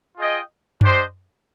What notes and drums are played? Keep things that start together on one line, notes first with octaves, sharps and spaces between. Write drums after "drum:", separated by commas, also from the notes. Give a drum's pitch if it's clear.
F4 G#4 D#5 G5
D4 G4 C5 D#5, drum: tom F#2